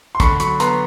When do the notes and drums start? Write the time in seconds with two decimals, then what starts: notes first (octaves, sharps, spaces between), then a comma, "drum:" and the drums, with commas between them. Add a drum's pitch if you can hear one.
0.15 C6
0.20 D3 B5 C#6, drum: kick, hi-hat
0.40 F#3 B5 C#6, drum: hi-hat
0.60 B3 A#5 C6, drum: hi-hat